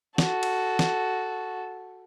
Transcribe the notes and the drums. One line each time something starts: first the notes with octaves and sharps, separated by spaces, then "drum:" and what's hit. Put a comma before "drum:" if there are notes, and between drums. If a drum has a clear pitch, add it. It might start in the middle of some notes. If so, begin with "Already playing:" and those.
F#4 A4, drum: snare
drum: cymbal
drum: snare